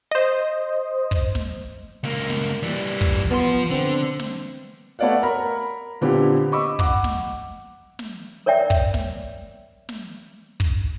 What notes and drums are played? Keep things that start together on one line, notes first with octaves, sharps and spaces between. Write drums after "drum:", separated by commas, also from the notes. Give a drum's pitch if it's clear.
C5 D#5
drum: kick
drum: snare
C#2 A#3
drum: snare
E3 G3
drum: kick
F3 B3 C6
D3 C4
drum: snare
A3 B3 C#5 D5 F5 F#5
A#4 A#5 B5
A#2 D3 B3 C4 G4
D#5 B5 C#6 D6 E6
F#5 D6, drum: kick
drum: snare
drum: snare
A#4 C#5 D5 E5 G5
drum: kick
drum: snare
drum: snare
drum: kick